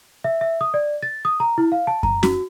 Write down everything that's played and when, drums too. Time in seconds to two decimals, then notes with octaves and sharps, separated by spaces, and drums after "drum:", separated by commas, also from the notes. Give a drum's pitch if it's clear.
0.24 E5
0.41 E5
0.61 D#6
0.74 D5
1.03 A6
1.25 D#6
1.40 A#5
1.58 E4
1.72 F5
1.87 A5
2.03 A#5, drum: kick F#2
2.23 F#4, drum: snare C#4